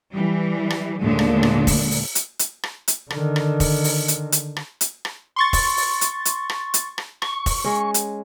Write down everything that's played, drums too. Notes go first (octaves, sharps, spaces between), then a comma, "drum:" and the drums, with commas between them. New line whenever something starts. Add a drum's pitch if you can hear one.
E3 G3
drum: rim click
D#2 A#2 D3 G#3 A3 D4
drum: rim click
drum: rim click
drum: kick F1, open hi-hat
drum: open hi-hat
drum: hi-hat
drum: hi-hat
drum: rim click
drum: hi-hat
D3 D#3, drum: rim click
drum: rim click
drum: kick F1, open hi-hat
drum: open hi-hat
drum: hi-hat
drum: hi-hat
drum: rim click
drum: hi-hat
drum: rim click
C6 C#6 A6
drum: kick F1, open hi-hat
drum: open hi-hat
drum: hi-hat
drum: hi-hat
drum: rim click
drum: hi-hat
drum: rim click
C#6, drum: rim click
drum: kick F1, open hi-hat
G#3 C#4
drum: hi-hat